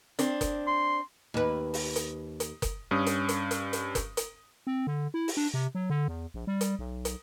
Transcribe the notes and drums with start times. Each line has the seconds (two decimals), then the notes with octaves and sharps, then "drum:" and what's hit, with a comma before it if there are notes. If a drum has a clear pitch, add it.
0.19 C4 D4, drum: hi-hat
0.41 drum: kick F#1, hi-hat
0.67 C6
1.34 D#2 B4
1.74 drum: open hi-hat
1.96 drum: hi-hat
2.40 drum: hi-hat
2.62 drum: kick F#1, hi-hat
2.91 G2 C#4 D#6
3.06 drum: hi-hat
3.29 drum: hi-hat
3.51 drum: hi-hat
3.73 drum: hi-hat
3.95 drum: kick F#1, hi-hat
4.17 drum: hi-hat
4.67 C4
4.87 D3
5.14 E4
5.28 drum: open hi-hat
5.37 D4
5.54 C3
5.75 F#3
5.90 D3
6.08 E2
6.34 A#1
6.47 G3
6.61 drum: hi-hat
6.79 B1
7.05 drum: hi-hat